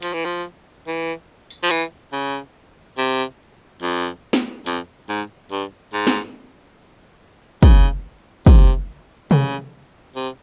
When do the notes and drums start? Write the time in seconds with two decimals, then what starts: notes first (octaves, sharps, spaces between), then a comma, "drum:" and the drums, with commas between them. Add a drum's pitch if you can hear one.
0.02 F3, drum: hi-hat
0.13 E3
0.25 F3
0.87 E3
1.50 drum: tambourine
1.63 F3
1.71 E3, drum: hi-hat
2.13 C#3
2.98 C3
3.82 F2
4.33 drum: snare
4.66 F2, drum: hi-hat
5.09 G#2
5.51 G2
5.93 G#2
6.07 drum: snare
7.63 C#3, drum: kick
8.46 C3, drum: kick
9.31 C#3, drum: tom C3
10.16 C3